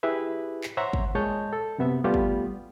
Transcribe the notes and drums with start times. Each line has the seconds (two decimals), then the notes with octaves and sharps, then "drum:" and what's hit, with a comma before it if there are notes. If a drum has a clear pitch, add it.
0.03 E4 G4 G#4 B4 E5
0.63 drum: clap
0.77 C5 C#5 E5 F#5 A#5 C6
0.93 drum: kick
1.15 A#2 G#3 C#5 D#5 A5 G6
1.53 A4
1.78 F#2 C3 B3 E5
2.04 G3 A3 B3 F4 G4
2.14 drum: kick